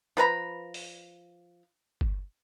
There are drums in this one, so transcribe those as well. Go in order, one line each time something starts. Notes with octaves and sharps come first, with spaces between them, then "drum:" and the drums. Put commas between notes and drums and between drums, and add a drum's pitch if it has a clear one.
F3 B4 A#5 B5
drum: open hi-hat
drum: kick